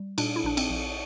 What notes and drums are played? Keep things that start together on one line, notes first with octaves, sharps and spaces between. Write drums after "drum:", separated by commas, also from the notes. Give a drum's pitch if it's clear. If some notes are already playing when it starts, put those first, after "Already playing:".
Already playing: G3
A#2 D4, drum: cymbal
E4
A#1 D4
C4, drum: cymbal
A#1